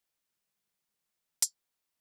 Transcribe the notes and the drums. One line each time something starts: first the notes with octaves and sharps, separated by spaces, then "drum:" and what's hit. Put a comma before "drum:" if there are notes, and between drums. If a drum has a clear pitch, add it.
D3 D#3 G3 G#3
drum: hi-hat